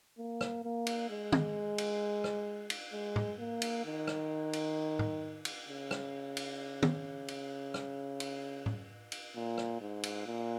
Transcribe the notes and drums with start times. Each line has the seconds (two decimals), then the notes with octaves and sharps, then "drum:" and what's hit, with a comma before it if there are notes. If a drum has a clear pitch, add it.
0.18 A#3
0.41 drum: rim click
0.64 A#3
0.87 drum: cymbal
1.10 G#3
1.32 drum: tom
1.78 drum: cymbal
2.24 drum: rim click
2.70 drum: cymbal
2.92 G#3
3.16 drum: tom
3.39 A#3
3.62 drum: cymbal
3.85 D#3
4.07 drum: rim click
4.53 drum: cymbal
4.99 drum: tom
5.45 drum: cymbal
5.68 C#3
5.91 drum: rim click
6.37 drum: cymbal
6.83 drum: tom
7.28 drum: cymbal
7.74 drum: rim click
8.20 drum: cymbal
8.66 drum: tom
9.12 drum: cymbal
9.35 A#2
9.58 drum: rim click
9.80 G#2
10.03 drum: cymbal
10.26 A#2